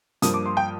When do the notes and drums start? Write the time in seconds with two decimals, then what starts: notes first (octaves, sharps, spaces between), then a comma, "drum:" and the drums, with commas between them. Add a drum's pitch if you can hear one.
0.22 G2 F3 A#3 D#6, drum: hi-hat
0.34 D6
0.46 C6
0.57 G5